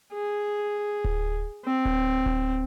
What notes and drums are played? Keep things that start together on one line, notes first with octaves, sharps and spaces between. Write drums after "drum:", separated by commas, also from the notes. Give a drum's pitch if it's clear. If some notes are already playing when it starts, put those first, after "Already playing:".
G#4
drum: kick D1
C4
drum: kick D1
drum: kick D1